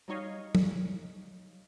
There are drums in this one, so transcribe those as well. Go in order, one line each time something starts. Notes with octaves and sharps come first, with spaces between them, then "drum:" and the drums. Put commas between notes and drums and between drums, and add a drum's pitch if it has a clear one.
F#3 G3 D#4 C#5 D#5 F5
drum: tom